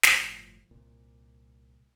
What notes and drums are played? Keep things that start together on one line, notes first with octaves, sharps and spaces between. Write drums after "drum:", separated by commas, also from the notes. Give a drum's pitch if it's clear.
G1 A2 C#3 F3, drum: snare
C2 A#2